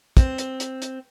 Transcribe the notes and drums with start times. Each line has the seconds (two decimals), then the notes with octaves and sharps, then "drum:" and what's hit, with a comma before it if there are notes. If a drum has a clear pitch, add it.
0.17 C4, drum: kick, hi-hat
0.38 drum: hi-hat
0.60 drum: hi-hat
0.82 drum: hi-hat